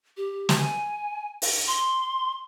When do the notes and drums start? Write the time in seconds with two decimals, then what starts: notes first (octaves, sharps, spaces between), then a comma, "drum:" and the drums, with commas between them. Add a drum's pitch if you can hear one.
0.17 G4
0.49 drum: snare
0.58 G#5
1.42 drum: open hi-hat
1.67 C6